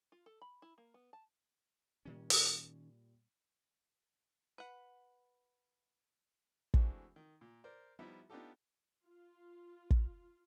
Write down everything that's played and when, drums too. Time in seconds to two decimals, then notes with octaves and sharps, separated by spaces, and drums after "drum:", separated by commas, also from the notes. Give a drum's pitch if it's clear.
0.12 F4
0.26 A4
0.42 B5
0.62 E4
0.78 A#3
0.94 B3
1.13 A5
2.05 A#2 D#3 G3 C#4
2.30 drum: open hi-hat
4.58 B4 F#5
6.74 E3 G#3 A3 C4 D4 F#4, drum: kick
7.16 D#3
7.41 A#2
7.64 A#4 C5 D5
7.99 F3 G3 B3 D#4 E4 E5
8.30 B3 D4 D#4 F4 G4 A4
9.05 F4
9.90 drum: kick